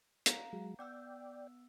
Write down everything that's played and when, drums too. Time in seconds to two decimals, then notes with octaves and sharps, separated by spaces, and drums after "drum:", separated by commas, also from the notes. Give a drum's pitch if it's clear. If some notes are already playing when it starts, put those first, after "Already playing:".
0.26 F5 F#5 A#5, drum: hi-hat
0.53 F#3 G#3
0.79 B3 D5 F#5 G5 E6